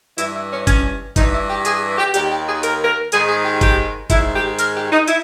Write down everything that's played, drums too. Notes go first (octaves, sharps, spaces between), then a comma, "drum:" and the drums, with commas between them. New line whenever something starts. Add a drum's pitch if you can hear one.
G2 E3 E4, drum: hi-hat
E4
C#4
C#4, drum: kick F#1, hi-hat
G2 E3 D#4, drum: kick F#1, hi-hat
E4
G4
G#4, drum: hi-hat
G4
D#2 D#3 G4, drum: hi-hat
G4
G#4
A#4, drum: hi-hat
A#4
G#2 D#3 G#4, drum: hi-hat
G#4
G4
G4, drum: kick F#1, hi-hat
G#2 D#3 E4, drum: kick F#1, hi-hat
G4
A#4, drum: hi-hat
G4
D#4
E4, drum: hi-hat